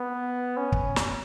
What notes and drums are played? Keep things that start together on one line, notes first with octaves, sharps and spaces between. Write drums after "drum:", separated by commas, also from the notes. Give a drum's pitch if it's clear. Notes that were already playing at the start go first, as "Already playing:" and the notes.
Already playing: B3
C#4
drum: kick
drum: snare